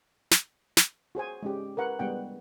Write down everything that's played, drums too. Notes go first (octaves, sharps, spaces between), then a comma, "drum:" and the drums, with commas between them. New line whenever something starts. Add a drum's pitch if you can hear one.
drum: snare
drum: snare
F#4 G#4 C5 G#5
G#3 C#4 G4
A#4 B4 F#5
G3 G#3 B3 F#5 G5